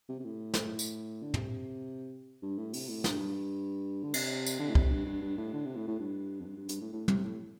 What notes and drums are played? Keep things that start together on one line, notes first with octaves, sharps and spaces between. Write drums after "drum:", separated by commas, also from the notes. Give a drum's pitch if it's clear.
C3
C3
A2
drum: snare
drum: tambourine
D3
C3, drum: tom
G2
A2
C3, drum: open hi-hat
A2
G2, drum: snare
G2
D3
C3, drum: cymbal
drum: tambourine
D3
A2
C3, drum: kick
G2
G2
G2
A2
D3
C3
A2
A2
G2
F2
G2
G2
G2, drum: hi-hat
A2
A2
C3, drum: tom
A2